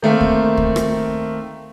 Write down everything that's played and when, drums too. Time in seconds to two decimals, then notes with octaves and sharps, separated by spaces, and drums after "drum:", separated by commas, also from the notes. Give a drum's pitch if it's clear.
0.02 D#3 A3 A#3 C4
0.21 drum: kick
0.58 drum: kick
0.76 drum: rim click